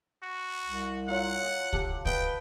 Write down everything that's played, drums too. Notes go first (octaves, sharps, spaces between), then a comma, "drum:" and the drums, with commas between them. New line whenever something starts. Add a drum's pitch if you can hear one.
F#4
C2
F#3 F4 E5 F#5
D#5 G#5
G4 A4, drum: kick
B4 D#5 F#5 G5 A5, drum: kick